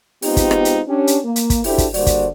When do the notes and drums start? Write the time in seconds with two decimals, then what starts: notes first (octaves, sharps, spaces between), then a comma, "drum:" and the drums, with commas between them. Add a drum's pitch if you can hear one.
0.22 G#3 B3 C4 D#4 F4 G4, drum: open hi-hat
0.37 drum: kick, hi-hat
0.51 drum: rim click
0.65 drum: hi-hat
0.87 C#4 D4 G4
1.07 drum: hi-hat
1.24 A#3
1.36 drum: hi-hat
1.50 drum: kick, hi-hat
1.64 D4 E4 F#4 G4 A4 C5, drum: open hi-hat
1.78 drum: kick, hi-hat
1.94 D3 G3 A#3 F#4 C5 D5, drum: open hi-hat
2.07 drum: kick, hi-hat